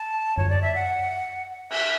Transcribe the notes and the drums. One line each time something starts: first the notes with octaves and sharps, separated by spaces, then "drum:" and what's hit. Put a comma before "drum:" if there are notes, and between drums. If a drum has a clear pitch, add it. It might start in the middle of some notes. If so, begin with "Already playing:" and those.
Already playing: A5
C#5, drum: tom F#2
D5
E5
F#5
E5, drum: cymbal